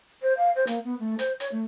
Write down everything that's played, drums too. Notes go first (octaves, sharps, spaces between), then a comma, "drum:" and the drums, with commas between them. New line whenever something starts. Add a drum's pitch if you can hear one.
C5
F5
C5
A#3, drum: hi-hat
B3
A3
C5, drum: hi-hat
C#5, drum: hi-hat
A3